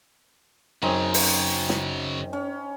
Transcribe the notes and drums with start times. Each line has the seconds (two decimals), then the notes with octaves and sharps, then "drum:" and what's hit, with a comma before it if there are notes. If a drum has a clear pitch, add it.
0.83 F#2 C#3 F#3 C4 C#4 D#4
1.14 drum: open hi-hat
1.69 drum: snare
2.33 C#4